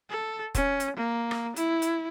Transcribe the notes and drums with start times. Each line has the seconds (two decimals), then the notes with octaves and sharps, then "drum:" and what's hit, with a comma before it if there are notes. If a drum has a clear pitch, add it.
0.10 A4
0.55 C#4, drum: kick, hi-hat
0.80 drum: hi-hat
0.97 A#3
1.31 drum: rim click
1.56 E4, drum: hi-hat
1.82 drum: hi-hat